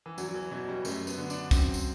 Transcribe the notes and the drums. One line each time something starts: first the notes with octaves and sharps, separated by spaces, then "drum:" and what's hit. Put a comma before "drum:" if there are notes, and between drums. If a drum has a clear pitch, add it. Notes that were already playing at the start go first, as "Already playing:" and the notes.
E3
E2 F#3, drum: tambourine
F#3
E3
B2 F#3
G3
F#2 A3, drum: tambourine
B3, drum: tambourine
D3
D4, drum: tambourine
F#2 C4, drum: kick, tambourine
drum: tambourine